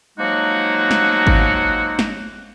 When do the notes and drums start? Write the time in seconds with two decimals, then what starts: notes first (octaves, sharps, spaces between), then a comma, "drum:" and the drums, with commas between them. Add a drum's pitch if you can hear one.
0.19 F3 F#3 G#3 A#3 D#4 F#4
0.91 drum: snare
1.27 drum: kick G#1
1.99 drum: snare